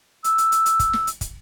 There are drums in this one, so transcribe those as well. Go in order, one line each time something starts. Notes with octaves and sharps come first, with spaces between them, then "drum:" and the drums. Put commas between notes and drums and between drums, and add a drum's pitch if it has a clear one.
E6, drum: hi-hat
drum: hi-hat
drum: hi-hat
drum: hi-hat
drum: kick, hi-hat
drum: snare
drum: hi-hat
drum: kick, hi-hat